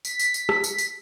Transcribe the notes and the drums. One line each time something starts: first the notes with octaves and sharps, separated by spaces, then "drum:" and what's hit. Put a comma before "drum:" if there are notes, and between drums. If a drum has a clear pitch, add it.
B6, drum: tambourine
drum: tambourine
drum: tambourine
drum: rim click
drum: tambourine
drum: tambourine